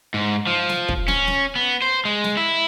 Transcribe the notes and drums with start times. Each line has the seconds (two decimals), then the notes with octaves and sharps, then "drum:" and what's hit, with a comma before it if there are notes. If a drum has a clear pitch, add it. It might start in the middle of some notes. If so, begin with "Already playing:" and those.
0.14 G#2
0.47 F3
0.69 drum: snare
0.89 drum: kick
1.08 C#4, drum: snare
1.27 drum: snare
1.55 B3
1.82 C5
2.05 G#3
2.24 drum: snare
2.37 E4